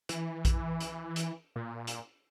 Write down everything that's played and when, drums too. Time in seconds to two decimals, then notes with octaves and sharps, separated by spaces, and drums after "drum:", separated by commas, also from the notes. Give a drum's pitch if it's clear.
0.09 E3, drum: hi-hat
0.45 drum: kick A#1, hi-hat
0.80 drum: hi-hat
1.16 drum: hi-hat
1.56 A#2
1.87 drum: hi-hat